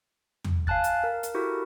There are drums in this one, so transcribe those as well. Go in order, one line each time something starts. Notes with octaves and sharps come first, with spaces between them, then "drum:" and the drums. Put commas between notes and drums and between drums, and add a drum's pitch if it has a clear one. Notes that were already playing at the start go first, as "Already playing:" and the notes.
drum: tom E2
F5 G#5 A5 F#6 A6, drum: kick
drum: hi-hat
A#4
drum: hi-hat
E4 F#4 G4 A4 A#4